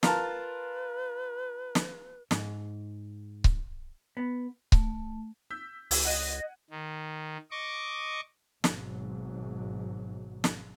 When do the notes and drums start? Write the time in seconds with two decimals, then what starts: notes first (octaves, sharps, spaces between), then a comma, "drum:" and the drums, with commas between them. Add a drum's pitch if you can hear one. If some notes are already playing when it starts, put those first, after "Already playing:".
0.03 F4 A#4 B4 A5, drum: snare
1.75 drum: snare
2.31 G#2, drum: snare
3.44 drum: kick C#1
4.17 B3
4.72 A3, drum: kick C#1
5.50 E6 G6 B6
5.91 C#2 E6 G#6, drum: open hi-hat
6.05 D#5 F#5 F#6 D#7
6.70 D#3
7.51 D#5 C#6 D6
8.64 G#1 G#2 B2 F#3, drum: snare
10.44 drum: snare